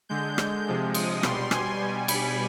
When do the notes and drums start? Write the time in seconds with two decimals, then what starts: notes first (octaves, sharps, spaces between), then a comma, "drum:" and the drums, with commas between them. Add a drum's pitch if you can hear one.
0.09 D3 G#3 G6
0.38 drum: rim click
0.67 C3 F3 G#3
0.94 D#6, drum: cymbal
1.23 B2 G3 C6, drum: rim click
1.51 G#5, drum: rim click
1.80 B2 G3
2.08 B5, drum: cymbal